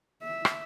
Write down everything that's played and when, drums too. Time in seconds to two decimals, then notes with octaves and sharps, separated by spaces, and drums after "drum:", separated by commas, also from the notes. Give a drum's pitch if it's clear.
0.23 E5
0.45 drum: rim click